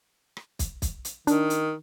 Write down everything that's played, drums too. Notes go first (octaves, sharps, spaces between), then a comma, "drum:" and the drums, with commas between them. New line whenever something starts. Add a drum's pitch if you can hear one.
drum: rim click
drum: kick, hi-hat
drum: kick, hi-hat
drum: hi-hat
D#3 D4, drum: hi-hat
drum: hi-hat